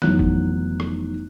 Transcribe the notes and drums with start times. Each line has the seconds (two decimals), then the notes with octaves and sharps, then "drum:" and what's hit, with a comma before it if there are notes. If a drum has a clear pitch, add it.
0.02 F1 E3 F#3 B3 D#4 F#6, drum: snare
0.19 drum: kick
0.80 drum: rim click